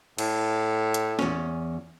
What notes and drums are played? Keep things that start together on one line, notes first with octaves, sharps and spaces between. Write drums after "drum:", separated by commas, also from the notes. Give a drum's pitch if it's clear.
A2, drum: cymbal
drum: hi-hat
E2 C#4, drum: snare